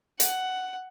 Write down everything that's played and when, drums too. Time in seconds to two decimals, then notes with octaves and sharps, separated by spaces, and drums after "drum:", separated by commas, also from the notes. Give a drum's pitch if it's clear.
0.20 F#5, drum: hi-hat